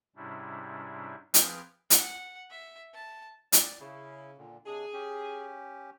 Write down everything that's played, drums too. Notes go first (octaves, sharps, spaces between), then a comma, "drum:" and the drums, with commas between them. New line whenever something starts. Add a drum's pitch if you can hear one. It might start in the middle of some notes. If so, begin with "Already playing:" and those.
G#2 C3 G3 C#4 D4 E4
F3 C4 G#4 B4 G5 F6, drum: hi-hat
F#5, drum: hi-hat
E5
A5
D5, drum: hi-hat
C#3 E4
A#2 D3
C3 D4 G#4
C#4 G4